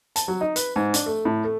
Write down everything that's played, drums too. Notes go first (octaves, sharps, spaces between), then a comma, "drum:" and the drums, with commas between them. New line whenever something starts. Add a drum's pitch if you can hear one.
A5, drum: hi-hat
F#3
D#4
B4, drum: hi-hat
G#2
D4, drum: hi-hat
A3
A2
A3